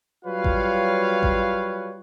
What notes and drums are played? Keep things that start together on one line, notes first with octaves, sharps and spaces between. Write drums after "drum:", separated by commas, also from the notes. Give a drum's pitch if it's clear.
F#3 G3 F4 B4 C#5 F5
drum: kick G#1
drum: kick G#1